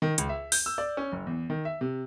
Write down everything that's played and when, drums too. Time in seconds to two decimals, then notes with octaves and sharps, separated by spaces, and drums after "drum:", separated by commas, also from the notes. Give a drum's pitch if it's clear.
0.02 D#3
0.18 C#2, drum: hi-hat
0.29 E5
0.52 G6, drum: open hi-hat
0.66 E6
0.78 D5
0.97 C#4
1.12 F#1
1.27 E2
1.50 D#3
1.65 E5
1.81 C3